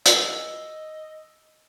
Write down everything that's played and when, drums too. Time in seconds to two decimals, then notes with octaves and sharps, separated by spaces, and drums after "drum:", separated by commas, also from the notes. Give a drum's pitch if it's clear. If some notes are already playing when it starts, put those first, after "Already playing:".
0.06 D#5 E6, drum: hi-hat